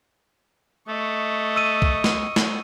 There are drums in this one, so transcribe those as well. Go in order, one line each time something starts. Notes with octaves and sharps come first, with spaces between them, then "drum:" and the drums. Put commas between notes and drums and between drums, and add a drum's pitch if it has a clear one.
A3 D#5 C#6
E6 D#7
drum: kick
drum: snare
drum: snare